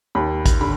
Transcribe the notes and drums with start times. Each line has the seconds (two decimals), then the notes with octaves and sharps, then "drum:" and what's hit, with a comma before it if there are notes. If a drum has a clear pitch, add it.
0.15 D#2 B5
0.46 drum: kick, hi-hat
0.61 D3 B5